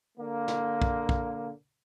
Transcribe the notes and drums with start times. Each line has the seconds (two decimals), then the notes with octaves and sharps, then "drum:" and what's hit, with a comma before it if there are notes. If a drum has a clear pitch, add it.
0.17 D3 A#3
0.48 drum: snare
0.82 drum: kick
1.09 drum: kick